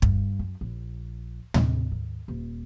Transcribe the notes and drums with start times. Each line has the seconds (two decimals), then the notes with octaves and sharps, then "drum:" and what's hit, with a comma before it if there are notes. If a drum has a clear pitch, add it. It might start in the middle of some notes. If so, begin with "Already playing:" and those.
0.02 G2, drum: kick
0.39 F#2
0.61 A#1
1.54 C3, drum: tom
1.92 D#3
2.28 D#1